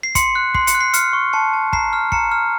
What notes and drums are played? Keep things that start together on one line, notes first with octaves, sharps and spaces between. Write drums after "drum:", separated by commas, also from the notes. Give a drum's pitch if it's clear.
C7
C6 C#7, drum: kick, hi-hat
F#6
C6 C7, drum: kick
C#7, drum: hi-hat
F#6
C7
F6 C#7, drum: hi-hat
C#6
A5 C#7
A5
A#5 C7, drum: kick
F6
A#5 C#7, drum: kick
F6